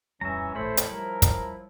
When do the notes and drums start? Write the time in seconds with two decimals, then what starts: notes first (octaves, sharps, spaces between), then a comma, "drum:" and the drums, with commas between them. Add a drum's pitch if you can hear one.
0.21 D1 F2 E3 G3 C#4 E5 A#5
0.55 D#1 A1 A3 E4 C5 C#5 B5
0.77 drum: hi-hat
0.91 F3 G3 A#4
1.22 drum: kick, hi-hat